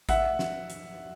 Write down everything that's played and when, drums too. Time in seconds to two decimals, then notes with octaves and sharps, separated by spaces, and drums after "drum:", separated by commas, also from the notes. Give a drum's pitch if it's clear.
0.09 E5 F#5, drum: kick A1, hi-hat
0.39 drum: snare
0.70 drum: hi-hat